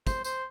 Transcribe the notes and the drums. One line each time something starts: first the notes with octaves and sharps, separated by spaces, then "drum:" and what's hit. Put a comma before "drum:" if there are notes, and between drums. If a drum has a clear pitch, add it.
C5, drum: kick, tambourine
C5, drum: tambourine